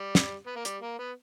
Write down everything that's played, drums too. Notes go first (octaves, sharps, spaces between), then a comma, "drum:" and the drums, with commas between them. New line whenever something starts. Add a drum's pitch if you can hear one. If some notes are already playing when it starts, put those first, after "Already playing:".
Already playing: G3
drum: snare
B3
A#3
G3, drum: hi-hat
A#3
B3